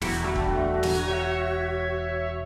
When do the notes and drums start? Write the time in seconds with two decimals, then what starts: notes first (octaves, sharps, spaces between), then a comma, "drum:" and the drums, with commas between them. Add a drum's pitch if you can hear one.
0.01 E1 E4 F#4 G4 A#5, drum: snare
0.23 D3 G3 A3 F#4
0.36 drum: kick
0.83 G#5 A#5, drum: snare
1.08 C#5 E5